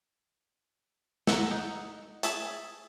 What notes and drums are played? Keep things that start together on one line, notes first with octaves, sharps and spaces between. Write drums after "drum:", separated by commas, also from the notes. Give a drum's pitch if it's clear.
A4 F#5 A5 A#5, drum: snare
D#4
G#4 E5 A5, drum: hi-hat